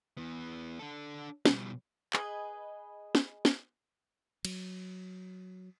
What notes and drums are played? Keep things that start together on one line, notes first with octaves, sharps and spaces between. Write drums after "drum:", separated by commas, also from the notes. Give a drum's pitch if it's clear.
E3 B3
D4 A4
B2 G3, drum: snare
G#4 B4 D#5, drum: clap
drum: snare
drum: snare
F#3, drum: cymbal